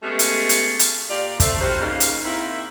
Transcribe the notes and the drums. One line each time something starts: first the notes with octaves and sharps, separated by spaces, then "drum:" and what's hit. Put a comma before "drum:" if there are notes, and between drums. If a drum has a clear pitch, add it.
G#3 A3 B3 C#4 G4 G#4
drum: hi-hat
drum: hi-hat
drum: hi-hat
A#2 F4 G4 D5
A3 C4, drum: kick, hi-hat
D#3 G3 F4 F#4 C5
C#3 A#3 D#4
drum: hi-hat
D#3 A#3 C4 E4